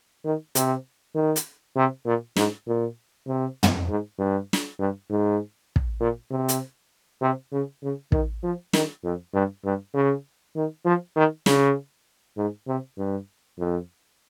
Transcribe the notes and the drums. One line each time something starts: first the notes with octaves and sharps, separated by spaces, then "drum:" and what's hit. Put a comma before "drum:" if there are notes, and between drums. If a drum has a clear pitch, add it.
D#3
C3, drum: hi-hat
D#3
drum: hi-hat
C3
A#2
G#2, drum: snare
A#2
C3
drum: tom
G#2
G2
drum: snare
G2
G#2
drum: kick
A#2
C3
drum: hi-hat
C3
C#3
C#3
D#3, drum: kick
F3
D#3, drum: snare
F2
G2
G2
C#3
D#3
F3
D#3
C#3, drum: snare
G#2
C3
G2
F2